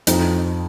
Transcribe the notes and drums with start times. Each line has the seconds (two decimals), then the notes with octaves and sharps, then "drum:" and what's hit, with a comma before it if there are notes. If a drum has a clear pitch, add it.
0.07 F2 F3 C4 D#4, drum: hi-hat